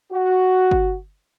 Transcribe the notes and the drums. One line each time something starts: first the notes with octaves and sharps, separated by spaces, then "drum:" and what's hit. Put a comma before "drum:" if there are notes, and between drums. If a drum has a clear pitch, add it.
F#4
drum: kick G1